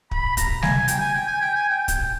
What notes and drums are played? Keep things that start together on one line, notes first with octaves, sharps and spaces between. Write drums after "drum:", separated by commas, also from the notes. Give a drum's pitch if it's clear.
B5, drum: kick
A#5, drum: kick, hi-hat
G#5, drum: snare
G5, drum: hi-hat
G#5
G5
G#5
G5
G#5
G5
drum: kick, hi-hat